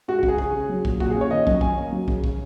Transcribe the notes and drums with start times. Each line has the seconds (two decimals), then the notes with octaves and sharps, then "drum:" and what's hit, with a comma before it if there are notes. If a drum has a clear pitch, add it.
0.08 G#3 F#4
0.19 F#4
0.23 C#3, drum: kick
0.28 G#4
0.38 C#3 G#4, drum: kick
0.55 C#4
0.70 F#3
0.85 A#2, drum: kick
1.00 A#2 F#4, drum: kick
1.11 G#4
1.16 C#4
1.21 C#5
1.31 D#3 D#5
1.47 F#2, drum: kick
1.61 C#4 G#5, drum: kick
1.77 A#3
1.92 F#3
2.08 C#3, drum: kick
2.24 C#4, drum: kick